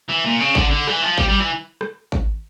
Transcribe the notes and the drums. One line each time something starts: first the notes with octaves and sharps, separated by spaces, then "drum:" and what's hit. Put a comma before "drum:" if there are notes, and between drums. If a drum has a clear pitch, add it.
E3
A#2
C#3
D3, drum: kick G#1
D3
E3, drum: rim click
F3
G3, drum: kick G#1
G3
E3
drum: rim click
drum: kick G#1